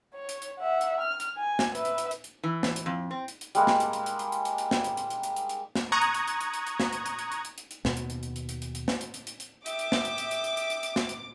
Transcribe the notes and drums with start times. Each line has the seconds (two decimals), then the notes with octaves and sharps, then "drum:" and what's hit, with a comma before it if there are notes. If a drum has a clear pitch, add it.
0.15 C#5
0.29 drum: hi-hat
0.42 drum: hi-hat
0.60 E5 F#5
0.81 drum: hi-hat
1.01 F6
1.20 drum: hi-hat
1.38 G#5
1.59 drum: snare
1.75 B4 E5, drum: hi-hat
1.85 drum: hi-hat
1.98 drum: hi-hat
2.11 drum: hi-hat
2.24 drum: hi-hat
2.44 E3
2.63 drum: snare
2.76 drum: hi-hat
2.86 F2
3.11 C4
3.28 drum: hi-hat
3.41 drum: hi-hat
3.55 G3 G#3 A#3, drum: hi-hat
3.67 drum: snare
3.80 drum: hi-hat
3.93 drum: hi-hat
4.06 drum: hi-hat
4.19 drum: hi-hat
4.32 drum: hi-hat
4.45 drum: hi-hat
4.58 drum: hi-hat
4.71 drum: snare
4.84 drum: hi-hat
4.97 drum: hi-hat
5.10 drum: hi-hat
5.23 drum: hi-hat
5.36 drum: hi-hat
5.49 drum: hi-hat
5.75 drum: snare
5.92 A#5 C#6 D#6 F#6 G#6
6.02 drum: hi-hat
6.15 drum: hi-hat
6.28 drum: hi-hat
6.41 drum: hi-hat
6.54 drum: hi-hat
6.67 drum: hi-hat
6.80 drum: snare
6.93 drum: hi-hat
7.06 drum: hi-hat
7.19 drum: hi-hat
7.32 drum: hi-hat
7.45 drum: hi-hat
7.58 drum: hi-hat
7.71 drum: hi-hat
7.85 D#2 B2 B3, drum: snare
7.97 drum: hi-hat
8.10 drum: hi-hat
8.23 drum: hi-hat
8.36 drum: hi-hat
8.49 drum: hi-hat
8.62 drum: hi-hat
8.75 drum: hi-hat
8.88 drum: snare
9.01 drum: hi-hat
9.14 drum: hi-hat
9.27 drum: hi-hat
9.40 drum: hi-hat
9.66 G4 D#5 E5 D6, drum: hi-hat
9.79 drum: hi-hat
9.92 drum: snare
10.05 drum: hi-hat
10.18 drum: hi-hat
10.31 drum: hi-hat
10.44 drum: hi-hat
10.57 drum: hi-hat
10.70 drum: hi-hat
10.83 drum: hi-hat
10.96 drum: snare
11.09 drum: hi-hat